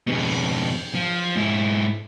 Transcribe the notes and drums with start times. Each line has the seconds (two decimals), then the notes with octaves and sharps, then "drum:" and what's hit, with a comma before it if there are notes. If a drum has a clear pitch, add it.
0.07 F2 B2, drum: cymbal
0.95 F3
1.36 G#2 E4